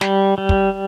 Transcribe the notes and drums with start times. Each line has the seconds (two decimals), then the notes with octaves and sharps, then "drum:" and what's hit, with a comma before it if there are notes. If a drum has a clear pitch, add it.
0.01 G3, drum: snare
0.38 G3
0.49 drum: kick